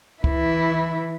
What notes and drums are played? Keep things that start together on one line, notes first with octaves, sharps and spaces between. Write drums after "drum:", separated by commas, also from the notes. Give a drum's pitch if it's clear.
E3 E4, drum: kick